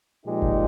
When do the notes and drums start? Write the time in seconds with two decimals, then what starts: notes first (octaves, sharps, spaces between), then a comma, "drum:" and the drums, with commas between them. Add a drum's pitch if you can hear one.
0.24 A#2 F3 G#3 D#4 G4
0.42 drum: kick G1